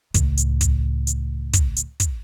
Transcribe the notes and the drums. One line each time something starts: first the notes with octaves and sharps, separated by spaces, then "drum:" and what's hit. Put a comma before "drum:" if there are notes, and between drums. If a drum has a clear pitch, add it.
C#2 A2, drum: kick, hi-hat
drum: hi-hat
drum: kick, hi-hat
drum: hi-hat
drum: kick, hi-hat
drum: hi-hat
drum: kick, hi-hat